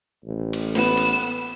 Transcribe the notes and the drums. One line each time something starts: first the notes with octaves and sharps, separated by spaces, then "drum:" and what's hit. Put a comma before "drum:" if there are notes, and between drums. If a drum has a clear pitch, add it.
A1
drum: cymbal
B3 E7, drum: snare
drum: cymbal